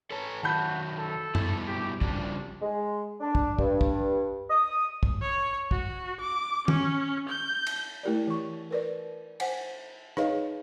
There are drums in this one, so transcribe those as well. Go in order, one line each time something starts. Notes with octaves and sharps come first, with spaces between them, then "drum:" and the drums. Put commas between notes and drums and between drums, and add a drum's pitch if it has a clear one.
A4 B4 C#5 A5
D#3 F#3 F#4 A5 B5 G6
A4
G2 B2 E4, drum: tom F#2
G4
C#3 F3 G3 D4, drum: kick
G#3
D4
drum: kick
G2, drum: kick
drum: kick
D#6
drum: kick
C#5
F#4, drum: kick
D6
C#4, drum: tom
G6
drum: cymbal
A3 E4 G4 A#4 D5
E3 C#6
A#4 B4 D5
C5 F#5 G#5, drum: cymbal
D#4 G#4 B4 C#5 D#5 F5, drum: rim click